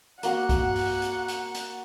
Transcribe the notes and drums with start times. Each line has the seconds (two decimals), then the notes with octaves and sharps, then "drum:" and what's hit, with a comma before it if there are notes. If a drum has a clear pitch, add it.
0.23 A#3 F#4 F5 F#5, drum: hi-hat
0.49 drum: kick, hi-hat
0.76 drum: open hi-hat
1.02 drum: hi-hat
1.28 drum: hi-hat
1.55 drum: hi-hat